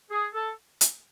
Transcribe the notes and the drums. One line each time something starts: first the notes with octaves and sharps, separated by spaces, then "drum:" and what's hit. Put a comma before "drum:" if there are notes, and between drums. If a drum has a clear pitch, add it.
G#4
A4
drum: hi-hat